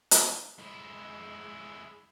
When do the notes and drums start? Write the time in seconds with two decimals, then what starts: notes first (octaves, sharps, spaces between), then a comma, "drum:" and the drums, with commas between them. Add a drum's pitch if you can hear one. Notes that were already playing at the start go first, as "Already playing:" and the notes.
0.11 drum: hi-hat
0.59 G#3 E4